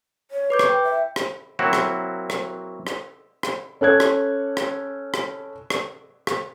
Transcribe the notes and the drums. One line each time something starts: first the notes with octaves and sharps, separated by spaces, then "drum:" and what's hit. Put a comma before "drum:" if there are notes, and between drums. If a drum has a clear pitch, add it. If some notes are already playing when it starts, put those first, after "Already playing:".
C#5
B4 D6 G6
drum: rim click
G5
E5
drum: rim click
F#3 A#3 C4 E4 F#4
drum: rim click
drum: rim click
drum: rim click
drum: rim click
C#4 A4 F#6 G#6
drum: rim click
drum: rim click
drum: rim click
drum: rim click
drum: rim click